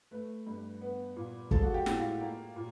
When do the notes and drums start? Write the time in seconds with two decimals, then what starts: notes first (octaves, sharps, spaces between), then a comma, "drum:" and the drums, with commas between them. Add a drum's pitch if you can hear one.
0.11 A3 B4
0.47 G2
0.81 B3
1.16 A#2
1.51 G#3 A4, drum: kick
1.63 F#4
1.74 G4
1.86 A2, drum: snare
1.98 F4
2.21 A#3
2.56 A#2